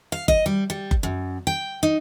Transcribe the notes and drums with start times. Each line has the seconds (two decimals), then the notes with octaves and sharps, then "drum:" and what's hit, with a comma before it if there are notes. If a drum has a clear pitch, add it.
0.12 F5
0.28 D#5, drum: kick F#1
0.46 G3
0.70 G3
0.91 drum: kick F#1
1.03 F#2
1.47 G5
1.83 D#4